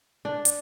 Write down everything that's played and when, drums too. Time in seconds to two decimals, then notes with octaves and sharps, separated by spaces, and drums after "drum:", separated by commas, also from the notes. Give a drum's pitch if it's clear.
0.25 D4
0.45 drum: hi-hat